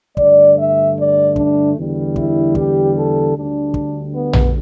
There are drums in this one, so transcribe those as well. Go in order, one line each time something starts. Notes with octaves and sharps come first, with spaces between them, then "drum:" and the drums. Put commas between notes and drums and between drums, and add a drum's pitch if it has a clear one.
G2 D3 A3 D5, drum: kick
E5
D5
D4, drum: kick
E2 D3 G3
E4, drum: kick
G4, drum: kick
A4
D2 D3 G3 D4
drum: kick
B3
drum: tom A#1